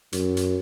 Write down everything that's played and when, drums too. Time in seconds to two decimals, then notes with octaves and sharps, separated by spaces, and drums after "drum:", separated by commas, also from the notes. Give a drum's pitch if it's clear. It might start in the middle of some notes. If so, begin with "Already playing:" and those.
0.12 F#2, drum: hi-hat
0.37 drum: hi-hat